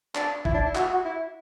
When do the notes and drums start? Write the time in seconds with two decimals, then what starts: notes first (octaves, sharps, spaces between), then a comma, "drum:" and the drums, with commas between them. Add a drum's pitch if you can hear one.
0.15 D4, drum: clap
0.45 E4, drum: kick
0.54 D4
0.66 E4
0.75 F#4, drum: clap
0.90 F#4
1.05 E4